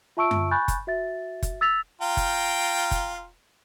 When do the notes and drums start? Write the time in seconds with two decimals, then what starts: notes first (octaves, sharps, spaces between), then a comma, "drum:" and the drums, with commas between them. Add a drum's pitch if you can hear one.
0.17 F4 E5 A5 C#6 E6 D7
0.31 drum: tom F#2
0.51 G#5 B5 C#6 F#6 G6 A6
0.68 drum: kick F#1, hi-hat
0.87 F#4 E5 A6
1.43 drum: kick F#1, hi-hat
1.61 E6 A6 B6 F7
2.01 F4 G5 A#5
2.17 drum: kick F#1, hi-hat
2.91 drum: kick F#1, hi-hat